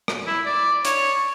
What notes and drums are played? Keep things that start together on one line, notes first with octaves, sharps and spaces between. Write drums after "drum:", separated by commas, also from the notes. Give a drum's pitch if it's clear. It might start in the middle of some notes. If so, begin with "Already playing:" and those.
drum: rim click
E4
D5
C#5, drum: hi-hat